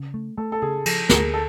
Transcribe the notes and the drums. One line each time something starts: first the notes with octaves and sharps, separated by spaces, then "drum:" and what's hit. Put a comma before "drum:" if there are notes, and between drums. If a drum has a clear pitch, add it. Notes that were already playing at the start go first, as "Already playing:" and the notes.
Already playing: C#3
A3
A3 A4
A4
C#3 G#4
F3 A4, drum: cymbal
D2 G#4 A#4, drum: snare
A4